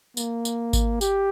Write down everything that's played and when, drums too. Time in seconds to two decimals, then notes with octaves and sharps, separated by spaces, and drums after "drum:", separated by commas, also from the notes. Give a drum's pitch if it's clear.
0.17 A#3, drum: tambourine
0.45 drum: tambourine
0.73 drum: kick G#1, tambourine
1.01 G4, drum: tambourine